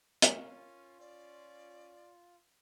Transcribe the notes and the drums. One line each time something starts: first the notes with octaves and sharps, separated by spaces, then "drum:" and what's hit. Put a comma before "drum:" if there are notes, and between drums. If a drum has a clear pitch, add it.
C#4 F4 A#4, drum: hi-hat
C#4 D5